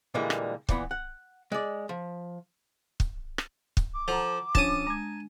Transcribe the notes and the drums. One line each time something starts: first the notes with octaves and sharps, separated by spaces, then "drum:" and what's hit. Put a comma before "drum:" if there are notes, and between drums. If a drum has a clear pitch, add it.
A#2 D3 E3 G3 G#3 A#3
drum: rim click
A#2 E3 B3, drum: kick
F#5
G#3 D5
F3
drum: kick
drum: rim click
drum: kick
D6
F3 A4 F#5 A#5
F3 C#4 D4 A5 D#6, drum: kick
G#3 A#5 G#6